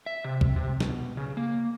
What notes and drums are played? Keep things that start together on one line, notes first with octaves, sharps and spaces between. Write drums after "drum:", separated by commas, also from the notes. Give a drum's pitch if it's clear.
E5
C3
drum: kick
C3
B2, drum: snare
C#3
A#3